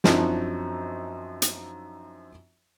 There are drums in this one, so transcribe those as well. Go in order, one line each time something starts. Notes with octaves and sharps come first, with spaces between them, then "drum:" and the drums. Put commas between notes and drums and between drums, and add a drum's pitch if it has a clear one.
F#2 F3 C4 D4 D#4 F#4, drum: snare
drum: hi-hat